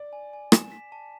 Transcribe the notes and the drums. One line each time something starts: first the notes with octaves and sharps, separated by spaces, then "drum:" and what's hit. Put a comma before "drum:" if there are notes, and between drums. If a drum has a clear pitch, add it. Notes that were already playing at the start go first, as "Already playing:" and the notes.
Already playing: D5
G#5
G#5
E7, drum: rim click
B6
A5